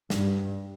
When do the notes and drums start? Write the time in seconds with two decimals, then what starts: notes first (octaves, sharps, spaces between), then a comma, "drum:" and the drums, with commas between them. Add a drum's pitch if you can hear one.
0.10 G2, drum: snare